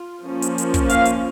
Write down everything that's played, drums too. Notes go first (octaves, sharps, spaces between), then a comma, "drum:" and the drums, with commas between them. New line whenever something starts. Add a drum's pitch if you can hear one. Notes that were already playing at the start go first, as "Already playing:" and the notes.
Already playing: F4
F3 A#3 C#4
drum: hi-hat
drum: hi-hat
drum: kick, hi-hat
F5, drum: hi-hat
drum: hi-hat